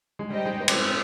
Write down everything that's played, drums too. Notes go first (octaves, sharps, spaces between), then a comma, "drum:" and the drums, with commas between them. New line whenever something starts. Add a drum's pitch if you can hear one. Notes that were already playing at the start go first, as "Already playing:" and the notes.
G#3
G3 D#4 G4 C5 D#5 G5
G#3
B3
C#4, drum: cymbal
C4